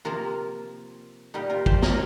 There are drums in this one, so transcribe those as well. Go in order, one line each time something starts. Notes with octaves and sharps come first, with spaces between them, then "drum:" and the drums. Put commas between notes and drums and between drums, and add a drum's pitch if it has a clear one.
C3 F3 A#3 F4 A#4
A#2 G3 A#3 D#4 G4
F4 A#4
G4 C5, drum: kick
A#4 D#5, drum: snare